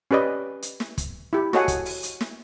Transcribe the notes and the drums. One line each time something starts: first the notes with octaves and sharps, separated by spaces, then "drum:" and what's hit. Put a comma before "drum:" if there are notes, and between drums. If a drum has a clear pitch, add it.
C#4 G4 B4 D5 D#5
drum: hi-hat
drum: snare
drum: kick, hi-hat
E4 G4
F#4 A4 C#5 D#5 F#5 G#5, drum: snare
drum: kick, hi-hat
drum: open hi-hat
drum: hi-hat
drum: snare